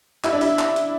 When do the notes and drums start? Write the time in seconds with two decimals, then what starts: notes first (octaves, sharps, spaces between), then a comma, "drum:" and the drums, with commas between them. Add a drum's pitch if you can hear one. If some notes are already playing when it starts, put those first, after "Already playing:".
0.24 E4, drum: clap
0.33 D4
0.41 E4, drum: open hi-hat
0.59 drum: clap
0.76 drum: hi-hat